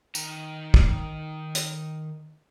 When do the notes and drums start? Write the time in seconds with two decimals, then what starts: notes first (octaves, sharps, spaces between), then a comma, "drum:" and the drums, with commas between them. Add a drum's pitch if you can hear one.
0.15 D#3 A#5, drum: tambourine
0.74 drum: kick
1.55 drum: hi-hat